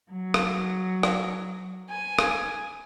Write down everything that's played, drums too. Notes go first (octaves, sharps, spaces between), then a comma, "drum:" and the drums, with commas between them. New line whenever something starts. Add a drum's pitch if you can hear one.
F#3
drum: rim click
drum: rim click
G#5
drum: rim click